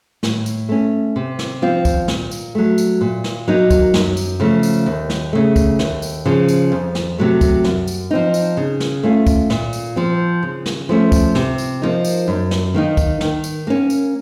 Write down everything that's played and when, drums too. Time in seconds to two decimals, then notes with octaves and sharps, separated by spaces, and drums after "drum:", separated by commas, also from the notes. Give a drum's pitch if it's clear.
0.23 A2, drum: snare
0.46 drum: tambourine
0.69 A3 C#4
1.16 C3
1.39 drum: snare
1.62 F3 C4 F4
1.85 drum: kick, tambourine
2.08 A#2, drum: snare
2.31 drum: tambourine
2.55 F#3 A3
2.78 drum: tambourine
3.01 A#2
3.24 drum: snare
3.48 F#3 A#3 D#4
3.70 drum: kick, tambourine
3.94 F#2, drum: snare
4.17 drum: tambourine
4.40 C#3 F3 A3
4.63 drum: tambourine
4.86 D#2
5.09 drum: snare
5.33 C#3 A3
5.56 drum: kick, tambourine
5.79 D#2, drum: snare
6.02 drum: tambourine
6.25 C#3 F3
6.49 drum: tambourine
6.72 F2
6.95 drum: snare
7.18 C3 F#3 A3
7.41 drum: kick, tambourine
7.64 F#2, drum: snare
7.88 drum: tambourine
8.11 F3 C4 D#4
8.34 drum: tambourine
8.57 C#3
8.80 drum: snare
9.03 A3 C#4 F4
9.27 drum: kick, tambourine
9.50 A#2, drum: snare
9.73 drum: tambourine
9.96 F3 C4
10.43 C#3
10.66 drum: snare
10.89 F3 A3 C#4
11.12 drum: kick, tambourine
11.35 C3, drum: snare
11.58 drum: tambourine
11.82 F3 A#3 D#4
12.05 drum: tambourine
12.28 F#2
12.51 drum: snare
12.74 D#3 A#3 D#4
12.97 drum: kick, tambourine
13.21 D#3, drum: snare
13.44 drum: tambourine
13.67 A#3 C#4
13.90 drum: tambourine